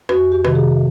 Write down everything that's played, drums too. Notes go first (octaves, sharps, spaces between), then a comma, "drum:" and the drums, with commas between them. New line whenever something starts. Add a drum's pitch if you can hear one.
F2 F#4, drum: rim click
G4
C3 D#3 G3, drum: rim click
G#4